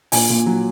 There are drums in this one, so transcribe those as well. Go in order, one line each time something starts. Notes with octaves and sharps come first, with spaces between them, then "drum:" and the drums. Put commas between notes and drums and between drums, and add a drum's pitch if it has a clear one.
A#2 G#5, drum: open hi-hat
A#2
F#3